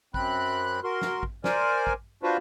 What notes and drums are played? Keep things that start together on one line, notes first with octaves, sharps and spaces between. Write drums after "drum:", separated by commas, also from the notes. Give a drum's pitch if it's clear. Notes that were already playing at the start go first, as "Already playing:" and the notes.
F#2 C4 B5 F#6, drum: kick
F#4 A#4 C6
drum: snare
drum: kick
A#4 C5 D5 G#5, drum: snare
drum: kick
D4 F4 F#4 B4 C5